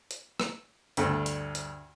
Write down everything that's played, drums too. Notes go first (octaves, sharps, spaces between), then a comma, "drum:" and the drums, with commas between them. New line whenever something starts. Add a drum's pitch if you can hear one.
drum: hi-hat
drum: rim click
D2 G2 A3, drum: hi-hat
drum: hi-hat
drum: hi-hat